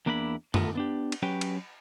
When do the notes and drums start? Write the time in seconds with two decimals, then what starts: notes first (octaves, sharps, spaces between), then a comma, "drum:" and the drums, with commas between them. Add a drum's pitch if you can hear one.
0.06 E2 A#3 D4 E4 F#5 B5
0.54 A3 B3 F4 A4 A#4, drum: tom
0.75 B3 D4 G4
1.12 drum: cymbal
1.22 F#3 C#4 G4 B4 G5
1.41 drum: cymbal